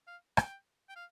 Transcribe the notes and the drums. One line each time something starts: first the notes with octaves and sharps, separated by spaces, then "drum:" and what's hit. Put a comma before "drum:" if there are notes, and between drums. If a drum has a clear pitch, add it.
F5
G5, drum: rim click
G5
F5